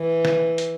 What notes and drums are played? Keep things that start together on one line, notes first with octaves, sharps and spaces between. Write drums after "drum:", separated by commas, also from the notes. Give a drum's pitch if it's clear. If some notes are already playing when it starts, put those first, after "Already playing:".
Already playing: E3
drum: snare
drum: hi-hat